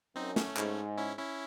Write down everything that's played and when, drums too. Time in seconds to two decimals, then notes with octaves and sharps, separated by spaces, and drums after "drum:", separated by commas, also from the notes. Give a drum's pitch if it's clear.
0.16 F#2 C4 D#4
0.36 A3 C#4, drum: snare
0.57 G#2, drum: clap
0.98 C#4 E4
1.19 C#4 E4